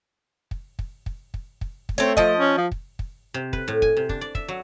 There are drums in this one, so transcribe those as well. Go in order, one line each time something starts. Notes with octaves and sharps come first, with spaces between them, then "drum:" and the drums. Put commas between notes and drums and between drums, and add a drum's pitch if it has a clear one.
drum: kick
drum: kick
drum: kick
drum: kick
drum: kick
drum: kick
A3 C4 C#5
F3 D#5, drum: kick
C#4
F3
drum: kick
drum: kick
C3
B4, drum: kick
A2
G#5, drum: kick
C3
D4, drum: kick
D5
E5, drum: kick
F#3